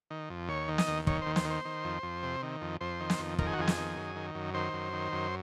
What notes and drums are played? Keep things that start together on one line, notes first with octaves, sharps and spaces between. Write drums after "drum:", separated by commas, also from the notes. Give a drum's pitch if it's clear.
D#3
F2
D#2 C#5
D#3
D#5, drum: snare
D#2
D#3 C#5, drum: kick
C5
D#2
C5, drum: snare
D#3
C5
D#3
F2
F2
C3
D#3
F2
F2 C5
D#3
drum: snare
F2
D#3 A#4, drum: kick
G#4
F#4
F2 G#4
drum: snare
D#3
F#2
D#3
F#2
D#3 C5
F#2
D#3
F#2